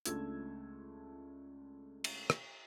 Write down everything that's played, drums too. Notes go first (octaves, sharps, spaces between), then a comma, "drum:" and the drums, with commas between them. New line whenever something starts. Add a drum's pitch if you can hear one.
C#2 A3 D4 F4 E6 G#6, drum: hi-hat
drum: cymbal
drum: rim click